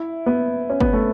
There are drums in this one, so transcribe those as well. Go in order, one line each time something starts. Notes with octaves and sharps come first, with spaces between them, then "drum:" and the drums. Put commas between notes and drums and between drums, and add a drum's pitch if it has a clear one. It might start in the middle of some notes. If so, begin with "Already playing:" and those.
Already playing: E4
B3
C#4
B3, drum: kick G1
A3